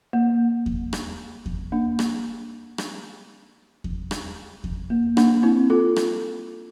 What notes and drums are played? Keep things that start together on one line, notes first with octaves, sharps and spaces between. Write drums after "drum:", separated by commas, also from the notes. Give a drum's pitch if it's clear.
A#3
drum: kick E2
drum: rim click
drum: kick E2
A#3 D4
drum: rim click
drum: rim click
drum: kick E2
drum: rim click
drum: kick E2
A#3
A#3 D4, drum: rim click
C4 E4
F4 A4
drum: rim click